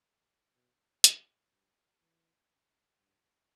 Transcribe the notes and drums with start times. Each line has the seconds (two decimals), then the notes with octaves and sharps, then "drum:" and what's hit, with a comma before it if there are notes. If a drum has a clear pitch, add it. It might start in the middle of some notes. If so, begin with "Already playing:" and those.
0.56 B2
1.04 C3, drum: hi-hat
1.53 G2
2.01 E3
2.99 G2